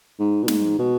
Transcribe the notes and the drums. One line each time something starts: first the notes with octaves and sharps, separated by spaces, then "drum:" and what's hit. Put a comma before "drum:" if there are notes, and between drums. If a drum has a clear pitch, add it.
G#2
B2
G#2, drum: snare
B2